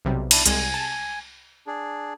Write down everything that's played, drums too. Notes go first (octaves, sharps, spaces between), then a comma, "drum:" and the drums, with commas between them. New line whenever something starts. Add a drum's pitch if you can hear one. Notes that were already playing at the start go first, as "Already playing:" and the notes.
B1 C3 G3
D4 E4, drum: cymbal
C2 G#3 G#5, drum: hi-hat
A5
D4 G#4